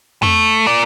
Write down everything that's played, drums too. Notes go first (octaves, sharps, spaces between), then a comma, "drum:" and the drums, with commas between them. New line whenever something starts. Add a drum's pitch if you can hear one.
A3, drum: tom E2
A#4 D5